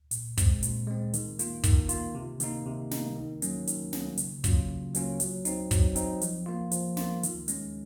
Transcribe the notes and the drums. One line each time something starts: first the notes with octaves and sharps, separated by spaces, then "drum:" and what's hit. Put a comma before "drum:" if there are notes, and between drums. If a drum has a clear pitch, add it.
A#2, drum: hi-hat
G#3 C4, drum: kick, hi-hat
A#2, drum: hi-hat
G#3 C4
D#3, drum: hi-hat
A#3 F4, drum: hi-hat
D#3, drum: kick, hi-hat
A#3 F4, drum: hi-hat
C3
D#3 A#3 D#4, drum: hi-hat
C3
D#3 A#3 D#4, drum: snare
D#3
F#3 A#3 C#4, drum: hi-hat
D#3, drum: hi-hat
F#3 A#3 C#4, drum: snare
C#3, drum: hi-hat
F#3 A#3 C#4 F4, drum: kick, hi-hat
C#3
F#3 A#3 C#4 F4, drum: hi-hat
F#3, drum: hi-hat
C4 D#4, drum: hi-hat
F#3, drum: kick, hi-hat
C4 D#4, drum: hi-hat
F3, drum: hi-hat
A#3 F4
F3, drum: hi-hat
A#3 F4, drum: snare
D#3, drum: hi-hat
G#3 C#4, drum: hi-hat